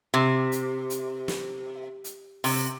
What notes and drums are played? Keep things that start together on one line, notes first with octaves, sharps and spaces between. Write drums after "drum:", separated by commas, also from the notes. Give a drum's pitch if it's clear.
C3
drum: hi-hat
drum: hi-hat
drum: snare
drum: hi-hat
C3, drum: open hi-hat